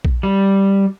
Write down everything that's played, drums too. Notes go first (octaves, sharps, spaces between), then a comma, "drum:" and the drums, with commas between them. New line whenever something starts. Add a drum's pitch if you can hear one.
drum: kick A#1
G3